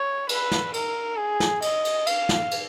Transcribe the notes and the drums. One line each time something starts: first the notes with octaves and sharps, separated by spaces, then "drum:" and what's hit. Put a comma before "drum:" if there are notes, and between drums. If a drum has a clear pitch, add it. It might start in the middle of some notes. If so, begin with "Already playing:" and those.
Already playing: C#5
B4, drum: cymbal
drum: snare
A#4, drum: cymbal
G#4
drum: snare
D#5, drum: cymbal
drum: cymbal
F5, drum: cymbal
drum: snare
drum: cymbal